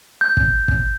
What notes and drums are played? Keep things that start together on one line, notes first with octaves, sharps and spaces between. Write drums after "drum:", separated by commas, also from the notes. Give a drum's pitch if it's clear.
G6
drum: kick
drum: kick